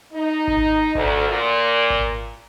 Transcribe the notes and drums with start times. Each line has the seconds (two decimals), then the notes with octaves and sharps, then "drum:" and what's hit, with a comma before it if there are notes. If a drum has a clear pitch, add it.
0.13 D#4
0.48 drum: kick G#1
0.95 D2, drum: kick G#1
1.28 A#2
1.90 drum: kick G#1